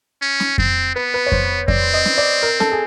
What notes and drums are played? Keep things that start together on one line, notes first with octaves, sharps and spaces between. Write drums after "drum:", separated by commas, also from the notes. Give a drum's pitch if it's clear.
C#4
drum: snare C#4
C4, drum: kick F2
B3 B4
B4
C#5
C5, drum: kick F2
C4 D5, drum: kick F2
D#5
drum: snare C#4
D5
A#4
A4, drum: snare C#4
G#4